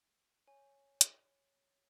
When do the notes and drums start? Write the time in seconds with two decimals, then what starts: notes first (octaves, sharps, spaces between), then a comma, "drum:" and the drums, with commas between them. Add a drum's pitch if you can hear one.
0.48 C#5 G#5
1.01 drum: hi-hat